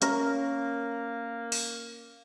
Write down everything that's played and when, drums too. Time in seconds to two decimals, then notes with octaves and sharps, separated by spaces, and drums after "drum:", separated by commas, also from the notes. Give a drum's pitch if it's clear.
0.02 A#3 C#4 A#4, drum: hi-hat
1.52 drum: open hi-hat